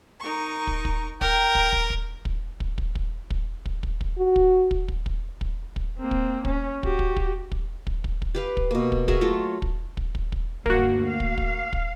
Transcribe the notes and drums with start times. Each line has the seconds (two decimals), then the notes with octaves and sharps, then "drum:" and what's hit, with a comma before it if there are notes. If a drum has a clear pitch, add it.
0.20 D#4 A#4 C#6
0.67 drum: kick
0.85 drum: kick
1.21 A#4 G5 A#5, drum: kick
1.55 drum: kick
1.73 drum: kick
1.90 drum: kick
2.25 drum: kick
2.60 drum: kick
2.78 drum: kick
2.95 drum: kick
3.30 drum: kick
3.66 drum: kick
3.83 drum: kick
4.01 drum: kick
4.18 F#4
4.36 drum: kick
4.71 drum: kick
4.88 drum: kick
5.06 drum: kick
5.41 drum: kick
5.76 drum: kick
5.99 A#3 C4
6.11 drum: kick
6.45 C#4, drum: kick
6.83 F#4 G4, drum: kick
6.99 drum: kick
7.16 drum: kick
7.52 drum: kick
7.87 drum: kick
8.04 drum: kick
8.22 drum: kick
8.35 G4 B4 F5
8.57 drum: kick
8.71 B2 A#3
8.92 drum: kick
9.08 F#4 G#4 A#4 E5, drum: kick
9.21 F#3 A3 F4 C#5
9.62 drum: kick
9.97 drum: kick
10.15 drum: kick
10.32 drum: kick
10.66 D2 G2 A#3 F#4, drum: kick
11.09 F5
11.20 drum: kick
11.38 drum: kick
11.73 drum: kick